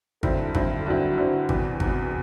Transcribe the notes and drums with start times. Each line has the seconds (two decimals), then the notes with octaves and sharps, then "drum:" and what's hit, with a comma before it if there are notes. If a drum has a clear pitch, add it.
0.23 G2 D3 F#3 C4 E4 A4, drum: kick G#1
0.55 G2 D3 F#3 C4 E4, drum: kick G#1
0.86 G2 D3 F#3 C4 E4 F#4
1.17 G2 D3 F#3 C4 E4
1.49 E2 C3 E3, drum: kick G#1
1.80 E2 C3 E3 F#4, drum: kick G#1